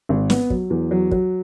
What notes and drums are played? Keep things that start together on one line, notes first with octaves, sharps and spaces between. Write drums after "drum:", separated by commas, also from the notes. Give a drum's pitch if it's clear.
G#1
B3, drum: snare
F#3, drum: kick
E2
F#3
F#3, drum: kick